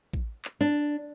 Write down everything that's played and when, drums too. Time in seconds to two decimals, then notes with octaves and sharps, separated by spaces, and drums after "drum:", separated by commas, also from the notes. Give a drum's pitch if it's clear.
0.14 drum: kick
0.45 drum: clap
0.61 D4